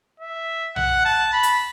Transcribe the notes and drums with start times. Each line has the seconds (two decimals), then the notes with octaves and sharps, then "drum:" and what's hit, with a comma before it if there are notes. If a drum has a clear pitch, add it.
0.20 E5
0.76 F#5, drum: tom B1
1.05 A5
1.33 B5
1.43 drum: hi-hat